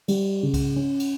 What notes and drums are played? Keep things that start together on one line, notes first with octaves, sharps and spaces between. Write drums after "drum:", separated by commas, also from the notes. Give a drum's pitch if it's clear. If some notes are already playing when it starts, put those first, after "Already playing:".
G3, drum: cymbal
C#3
drum: kick C2, cymbal
C#4
drum: cymbal